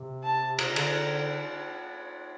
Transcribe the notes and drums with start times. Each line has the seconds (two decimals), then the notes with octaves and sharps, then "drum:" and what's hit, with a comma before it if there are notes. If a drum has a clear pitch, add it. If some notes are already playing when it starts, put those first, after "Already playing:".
Already playing: C3
0.24 A5
0.59 C3 A#5, drum: cymbal
0.76 D3, drum: cymbal